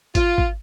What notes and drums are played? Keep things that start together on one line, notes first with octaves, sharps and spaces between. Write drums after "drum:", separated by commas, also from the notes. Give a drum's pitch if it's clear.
F4, drum: kick G#1, hi-hat
drum: kick G#1